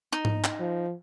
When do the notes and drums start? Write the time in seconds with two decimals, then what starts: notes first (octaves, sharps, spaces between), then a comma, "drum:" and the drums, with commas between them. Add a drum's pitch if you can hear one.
0.12 D#4
0.25 drum: tom G#2
0.44 drum: clap
0.60 F3